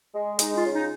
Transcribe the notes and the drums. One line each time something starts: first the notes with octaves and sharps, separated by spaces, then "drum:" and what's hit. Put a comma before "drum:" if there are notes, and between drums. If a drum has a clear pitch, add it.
G#3
G#3 D#4, drum: hi-hat
F4
C#3
D#4